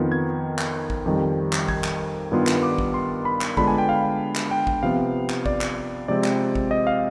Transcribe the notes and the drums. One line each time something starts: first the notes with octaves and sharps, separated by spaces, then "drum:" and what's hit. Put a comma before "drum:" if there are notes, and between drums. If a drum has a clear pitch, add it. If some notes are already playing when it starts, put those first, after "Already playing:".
Already playing: F2 D#3 B3 F4
G#6
drum: clap
drum: kick
F2 D#3 G3
drum: clap
G#6, drum: kick
drum: clap
G2 D#3 G3 B3 F4
drum: clap
D6
drum: kick
C6
B5
drum: clap
D3 G#3 B3 D4 F4 B5, drum: kick
G#5
G5
F5
drum: clap
G5
drum: kick
C3 F3 B3 F5
drum: clap
D5, drum: kick
drum: clap
C3 F3 G#3 C4 D5
drum: clap
drum: kick
D#5
F5